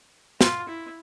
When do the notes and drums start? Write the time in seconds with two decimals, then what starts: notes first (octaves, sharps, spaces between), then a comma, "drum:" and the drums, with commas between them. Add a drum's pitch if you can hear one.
0.41 F4, drum: snare
0.69 E4